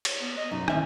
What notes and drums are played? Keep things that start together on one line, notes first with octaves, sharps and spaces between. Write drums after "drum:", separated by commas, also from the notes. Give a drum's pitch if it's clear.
drum: cymbal
B3
D#5
B1 F#2 D#4
D#2 A2 C#4 E5, drum: rim click